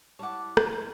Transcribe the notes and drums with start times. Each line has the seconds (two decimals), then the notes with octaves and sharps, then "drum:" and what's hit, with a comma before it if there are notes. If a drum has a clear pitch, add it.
0.19 G3 E4 C#5 F#5 A5 D6
0.57 drum: rim click